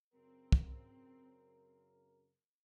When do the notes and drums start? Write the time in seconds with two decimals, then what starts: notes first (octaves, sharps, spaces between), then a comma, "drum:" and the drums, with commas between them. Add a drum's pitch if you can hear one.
0.14 F#2 C#3 C4 A#4
0.52 drum: kick